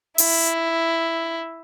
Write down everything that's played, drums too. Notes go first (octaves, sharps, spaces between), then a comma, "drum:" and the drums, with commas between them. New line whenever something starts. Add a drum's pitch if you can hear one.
E4, drum: open hi-hat